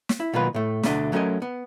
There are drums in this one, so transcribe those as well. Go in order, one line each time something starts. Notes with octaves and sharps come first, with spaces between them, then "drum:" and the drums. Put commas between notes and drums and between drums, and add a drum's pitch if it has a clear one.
drum: snare
E4
B2 D#3 F#3 A#3 F4 B4
A2 A3
D2 B2 A3 D4 D#5, drum: snare
F#3 A3 C#4 F4 A#4 D#5
B3